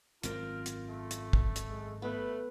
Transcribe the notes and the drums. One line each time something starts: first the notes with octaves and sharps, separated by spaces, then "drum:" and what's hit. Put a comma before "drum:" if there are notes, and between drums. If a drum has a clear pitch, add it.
G#1 F#2 C4 F4 A#4, drum: hi-hat
drum: hi-hat
A3
drum: hi-hat
drum: kick
drum: hi-hat
G#3
A3 B3 B4